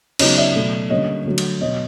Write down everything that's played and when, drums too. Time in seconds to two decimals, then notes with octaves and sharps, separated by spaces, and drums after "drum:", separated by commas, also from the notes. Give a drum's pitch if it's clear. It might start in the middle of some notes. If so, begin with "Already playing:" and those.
0.19 C#3 F#3 B3 D#4 C#5 D#5, drum: cymbal
0.37 D5 E5
0.55 B2 F#3 A3
0.90 D3 G3 A#3 C#4 C#5 D#5
1.26 D3 F#3 A3
1.38 drum: cymbal
1.61 B2 F#3 B3 C#5 D#5